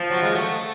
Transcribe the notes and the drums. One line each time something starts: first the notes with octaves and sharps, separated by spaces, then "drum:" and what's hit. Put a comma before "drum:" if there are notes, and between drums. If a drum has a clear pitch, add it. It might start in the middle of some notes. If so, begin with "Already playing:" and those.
Already playing: F3
F#3
G#3
A3, drum: tambourine